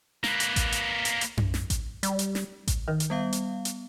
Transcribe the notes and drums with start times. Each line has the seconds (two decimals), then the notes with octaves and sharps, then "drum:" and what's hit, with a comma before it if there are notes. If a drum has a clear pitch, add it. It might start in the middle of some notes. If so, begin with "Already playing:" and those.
0.24 A#3 B4, drum: snare
0.40 drum: hi-hat
0.56 drum: kick A1, hi-hat
0.72 drum: hi-hat
1.05 drum: hi-hat
1.21 drum: hi-hat
1.37 drum: tom F#2
1.54 drum: snare
1.70 drum: kick A1, hi-hat
2.03 G3, drum: hi-hat
2.19 drum: hi-hat
2.35 drum: snare
2.67 drum: kick A1, hi-hat
2.88 D#3
3.00 drum: hi-hat
3.10 G3 B3 F5
3.33 drum: hi-hat
3.65 drum: hi-hat